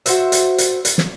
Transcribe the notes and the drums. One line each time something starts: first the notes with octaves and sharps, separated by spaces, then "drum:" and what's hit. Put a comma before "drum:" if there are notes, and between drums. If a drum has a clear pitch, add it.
F#4 C5 E5, drum: hi-hat
drum: hi-hat
drum: hi-hat
drum: hi-hat
drum: snare